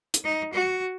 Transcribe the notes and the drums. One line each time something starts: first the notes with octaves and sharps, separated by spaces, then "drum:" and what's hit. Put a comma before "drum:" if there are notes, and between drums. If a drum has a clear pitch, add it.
drum: hi-hat
D#4
F#4